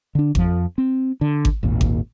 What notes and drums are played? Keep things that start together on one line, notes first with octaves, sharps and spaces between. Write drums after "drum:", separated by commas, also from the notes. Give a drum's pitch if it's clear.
D3 D4
F2 F3, drum: kick G#1
C4
D3
drum: kick G#1
G#1 D#2 A#2
drum: kick G#1